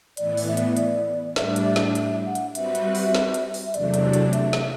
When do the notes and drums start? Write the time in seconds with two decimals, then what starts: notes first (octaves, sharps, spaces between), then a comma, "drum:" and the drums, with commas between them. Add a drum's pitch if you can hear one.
0.17 A2 E3 B3 D5, drum: hi-hat
0.37 drum: open hi-hat
0.48 E5
0.57 drum: hi-hat
0.77 D5, drum: hi-hat
1.36 A2 G3 D4 E5, drum: snare
1.56 drum: hi-hat
1.76 drum: snare
1.95 E5, drum: hi-hat
2.26 F#5
2.35 drum: hi-hat
2.55 G3 C4 F#4 B4 E5, drum: hi-hat
2.75 drum: hi-hat
2.95 drum: open hi-hat
3.15 drum: snare
3.34 drum: hi-hat
3.54 drum: open hi-hat
3.67 E5
3.74 E2 C3 F#3 A3 D4 D5, drum: hi-hat
3.94 drum: hi-hat
4.13 drum: hi-hat
4.33 E5, drum: hi-hat
4.53 drum: snare